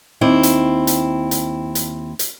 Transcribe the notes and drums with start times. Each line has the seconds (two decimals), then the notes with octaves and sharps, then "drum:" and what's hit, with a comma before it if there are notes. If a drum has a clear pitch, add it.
0.21 D#2 C4 E4
0.43 drum: hi-hat
0.87 drum: hi-hat
1.31 drum: hi-hat
1.75 drum: hi-hat
2.19 drum: hi-hat